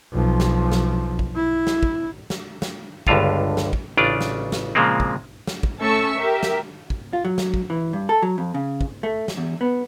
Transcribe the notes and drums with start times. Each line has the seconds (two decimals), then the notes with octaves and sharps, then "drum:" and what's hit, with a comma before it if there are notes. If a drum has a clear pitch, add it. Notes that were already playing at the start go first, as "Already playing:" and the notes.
0.12 B1 F3
0.40 drum: snare
0.72 drum: snare
1.19 drum: kick
1.35 E4
1.67 drum: snare
1.83 drum: kick
2.30 drum: snare
2.62 drum: snare
3.07 G1 C#2 G2 D3 F4 F5, drum: kick
3.57 drum: snare
3.73 drum: kick
3.97 A1 C#3 D4 F4 D5
4.21 drum: snare
4.52 drum: snare
4.75 A#2 C#3 F3 G#3 A#3 C4
5.00 drum: kick
5.47 drum: snare
5.63 drum: kick
5.80 A3 C#4 A4 A5 C#6 E6
6.15 G4 A#4 E5
6.43 drum: snare
6.90 drum: kick
7.13 F4
7.25 F#3
7.38 drum: snare
7.54 drum: kick
7.70 E3
7.93 G2
8.09 A4
8.22 F#3
8.38 F2
8.54 C#3
8.81 drum: kick
9.03 A3
9.28 drum: snare
9.37 E2
9.61 B3